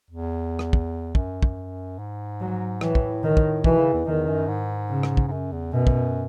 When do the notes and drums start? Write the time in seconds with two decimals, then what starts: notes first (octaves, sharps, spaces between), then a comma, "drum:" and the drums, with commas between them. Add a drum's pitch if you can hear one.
0.10 E2
0.59 drum: rim click
0.73 drum: kick
1.15 F#2, drum: kick
1.43 drum: kick
1.99 G#2
2.40 F#3
2.81 A2 E3, drum: rim click
2.95 drum: kick
3.24 D#3
3.37 drum: kick
3.64 B2 E3, drum: kick
3.78 C#3
3.93 E2
4.06 E2 D#3
4.27 F#2
4.48 G#2
4.89 C#3
5.03 drum: rim click
5.17 drum: kick
5.27 G#2
5.32 F#2
5.52 E2
5.73 F#2 B2
5.87 drum: kick